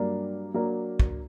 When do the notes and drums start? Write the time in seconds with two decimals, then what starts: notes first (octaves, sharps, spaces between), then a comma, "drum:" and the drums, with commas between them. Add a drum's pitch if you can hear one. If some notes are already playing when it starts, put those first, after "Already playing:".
Already playing: G2 F#3 A#3 D4 A#4
0.54 F#3 A#3 D4 A#4
1.00 drum: kick